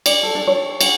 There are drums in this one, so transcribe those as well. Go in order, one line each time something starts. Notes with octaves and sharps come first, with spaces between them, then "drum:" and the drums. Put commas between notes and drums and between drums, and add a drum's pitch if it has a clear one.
D5, drum: cymbal
A4
D4
C#5
F#5, drum: cymbal